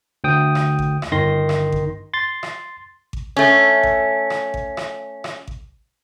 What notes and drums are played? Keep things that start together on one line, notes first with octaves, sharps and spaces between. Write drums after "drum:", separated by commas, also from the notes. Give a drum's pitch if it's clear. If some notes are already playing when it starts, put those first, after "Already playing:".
D2 G5 D#6
drum: rim click
drum: kick G#1
drum: rim click
G1 D#3 C6 A#6
drum: rim click
drum: kick G#1
C6 A6
drum: rim click
drum: kick G#1
A3 C#4
drum: kick G#1
drum: rim click
drum: kick G#1
drum: rim click
drum: rim click
drum: kick G#1